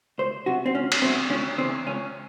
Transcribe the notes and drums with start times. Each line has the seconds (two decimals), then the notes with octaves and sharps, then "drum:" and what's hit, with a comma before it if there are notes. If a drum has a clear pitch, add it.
0.18 C#2 C5
0.46 C3 F#3 F#4
0.66 C4
0.74 C#2 C#4
0.92 drum: cymbal
1.02 C3 F#3 C4
1.30 C#2 C#4
1.58 C#3 E3 C4
1.86 C#2 C#4